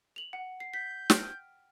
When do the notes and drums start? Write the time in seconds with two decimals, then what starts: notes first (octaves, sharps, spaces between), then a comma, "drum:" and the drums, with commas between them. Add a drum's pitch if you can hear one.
0.16 F7 F#7
0.33 F#5
0.60 C7
0.74 G6 B6
1.10 G5 F6, drum: snare